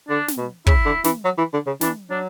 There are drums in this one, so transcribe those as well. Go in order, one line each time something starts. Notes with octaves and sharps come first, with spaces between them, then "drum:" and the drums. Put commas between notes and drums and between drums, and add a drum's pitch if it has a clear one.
D3 D4
drum: snare
B2
C#3 E4, drum: kick
D3
E3, drum: snare
F#3
E3
D3
C#3
E3 D4, drum: snare
F#3 D4